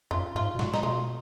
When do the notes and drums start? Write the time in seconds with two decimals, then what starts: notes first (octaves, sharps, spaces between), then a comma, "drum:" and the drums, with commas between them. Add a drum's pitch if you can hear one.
0.11 F#2 F4
0.35 G#2 F4
0.55 B2
0.59 A#2 F#4, drum: snare
0.74 D#4, drum: snare
0.83 B2 F4